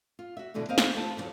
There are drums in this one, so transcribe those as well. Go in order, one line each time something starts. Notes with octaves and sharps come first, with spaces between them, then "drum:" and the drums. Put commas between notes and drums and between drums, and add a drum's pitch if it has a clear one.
F4
F#4 E5
B2 D3 E3 A3 B3
A#3 C4 D#5 F5
drum: snare
C#3 A3 F4 B4 A5
E2 C3 D#3 F3 F#3